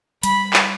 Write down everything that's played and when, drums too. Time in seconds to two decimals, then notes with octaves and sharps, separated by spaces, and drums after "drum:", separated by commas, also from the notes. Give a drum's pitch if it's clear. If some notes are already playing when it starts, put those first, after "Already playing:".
0.23 G3 B5, drum: hi-hat
0.53 drum: clap